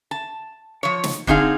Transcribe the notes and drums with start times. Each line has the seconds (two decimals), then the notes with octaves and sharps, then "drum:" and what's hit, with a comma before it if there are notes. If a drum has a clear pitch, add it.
0.11 A5
0.83 F3 C#5
1.04 drum: snare
1.27 D3 C4 D#4 G#4 F5, drum: kick